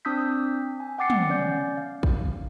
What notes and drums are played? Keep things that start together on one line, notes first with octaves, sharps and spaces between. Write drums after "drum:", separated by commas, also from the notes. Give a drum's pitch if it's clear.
C4 D4 D#6 E6 G6 B6
G#5
F#5 G5 D6 A6 C7 C#7
drum: tom
B3 C#4 D5 G6
F5
drum: kick